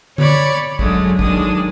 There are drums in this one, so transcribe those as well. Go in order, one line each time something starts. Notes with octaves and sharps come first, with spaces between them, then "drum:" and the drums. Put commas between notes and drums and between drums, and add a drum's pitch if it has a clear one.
C#5 D5 B5 C#6, drum: tom D3
F#2 D3 F#3 G#3 A3, drum: kick
D#2 D#3 F#3 G#3 D4 D#6, drum: kick